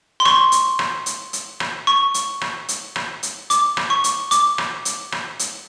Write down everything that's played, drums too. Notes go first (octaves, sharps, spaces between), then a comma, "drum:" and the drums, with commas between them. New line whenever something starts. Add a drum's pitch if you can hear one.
C6
C#6, drum: rim click
drum: hi-hat
drum: rim click
drum: hi-hat
drum: hi-hat
drum: rim click
C#6
drum: hi-hat
drum: rim click
drum: hi-hat
drum: rim click
drum: hi-hat
D6, drum: hi-hat
drum: rim click
C#6
drum: hi-hat
D6, drum: hi-hat
drum: rim click
drum: hi-hat
drum: rim click
drum: hi-hat